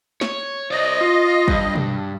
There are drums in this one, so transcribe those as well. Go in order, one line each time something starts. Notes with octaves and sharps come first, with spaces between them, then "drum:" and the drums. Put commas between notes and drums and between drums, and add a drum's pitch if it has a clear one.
C#5, drum: snare
C5 D5 D#5
F4
G2, drum: kick
drum: tom B2